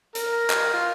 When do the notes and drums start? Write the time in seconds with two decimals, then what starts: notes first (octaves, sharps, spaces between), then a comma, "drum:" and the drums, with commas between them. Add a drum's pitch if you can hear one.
0.15 A#4, drum: hi-hat
0.50 drum: clap
0.73 F4